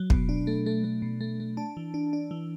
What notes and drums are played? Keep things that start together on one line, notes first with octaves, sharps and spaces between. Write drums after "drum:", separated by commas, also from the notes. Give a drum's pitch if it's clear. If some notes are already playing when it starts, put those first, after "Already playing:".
Already playing: F#3
B2, drum: kick
D4
A3
A3
A3
B2
A3
A3
D4 A5
E3
D4
D4
E3